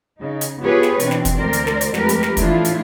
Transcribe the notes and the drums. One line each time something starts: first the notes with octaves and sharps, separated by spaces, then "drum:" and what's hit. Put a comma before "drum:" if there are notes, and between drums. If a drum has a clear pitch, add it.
C#3 D#4
drum: hi-hat
B3 F4 G4 G#4 B4 C#5
drum: snare
B2 E3 C4 D4, drum: hi-hat
drum: snare
drum: kick, hi-hat
D2 A#4 C5 D5
drum: hi-hat
drum: snare
drum: hi-hat
F2 G#3 A3 G4 A#4 B4, drum: snare
drum: hi-hat
drum: snare
A2 E3 A3 D4 E4 F4, drum: kick, hi-hat
drum: hi-hat